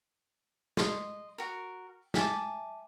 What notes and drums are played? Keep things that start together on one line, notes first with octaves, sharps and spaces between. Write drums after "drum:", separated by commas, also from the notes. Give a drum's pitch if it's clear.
D#5 C6, drum: snare
F#4 A#4
E5 G#5 A5 D6, drum: snare